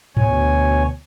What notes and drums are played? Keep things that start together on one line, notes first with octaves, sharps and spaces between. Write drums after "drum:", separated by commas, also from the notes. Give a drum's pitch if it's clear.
D2 B2 C#5 G#5, drum: tom G#2